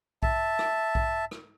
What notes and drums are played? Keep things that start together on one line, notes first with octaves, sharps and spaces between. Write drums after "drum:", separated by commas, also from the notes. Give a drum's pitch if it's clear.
E5 A5, drum: kick B1
drum: rim click
drum: kick B1
drum: rim click